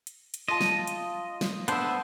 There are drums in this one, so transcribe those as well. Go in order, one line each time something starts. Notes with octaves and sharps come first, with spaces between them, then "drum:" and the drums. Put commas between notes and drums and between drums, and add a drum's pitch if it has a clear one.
drum: hi-hat
drum: hi-hat
F4 D#5 A5
drum: snare
drum: hi-hat
drum: snare
B3 D4 C5 E5, drum: hi-hat